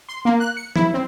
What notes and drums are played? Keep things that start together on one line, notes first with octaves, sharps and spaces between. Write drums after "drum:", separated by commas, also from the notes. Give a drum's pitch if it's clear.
C6
A#3
F#6
C#7
E4, drum: tom E3
C4